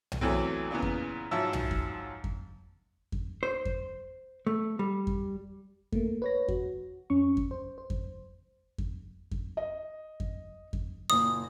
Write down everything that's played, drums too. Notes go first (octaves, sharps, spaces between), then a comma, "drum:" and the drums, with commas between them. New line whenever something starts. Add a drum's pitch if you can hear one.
drum: tom B1
E2 E3 F#3 A3 C4
A#2 C#3 E3 B3
drum: kick F2
G#2 F3 F#3 E5 A5 E6
drum: tom B1
drum: kick F2
drum: kick F2
drum: kick F2
C5
drum: kick F2
A3
G3
drum: kick F2
A3 A#3, drum: kick F2
B4 C#5 A#6
F#4, drum: kick F2
F2 C#4 C#6
drum: kick F2
C5
C5
drum: kick F2
drum: kick F2
drum: kick F2
D#5
drum: kick F2
drum: kick F2
F#1 A#2 D#6